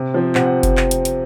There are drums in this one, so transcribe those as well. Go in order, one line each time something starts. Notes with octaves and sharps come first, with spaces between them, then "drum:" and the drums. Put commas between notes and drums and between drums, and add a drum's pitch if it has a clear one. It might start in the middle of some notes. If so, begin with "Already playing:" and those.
Already playing: C3
F3 C4
C3 F#5, drum: clap
F#5
drum: kick F#1, hi-hat
drum: clap
drum: hi-hat
drum: hi-hat